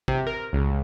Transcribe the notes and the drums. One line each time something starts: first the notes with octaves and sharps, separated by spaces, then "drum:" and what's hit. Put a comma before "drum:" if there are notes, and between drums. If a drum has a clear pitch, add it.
C3, drum: kick G#1
A#4
C#2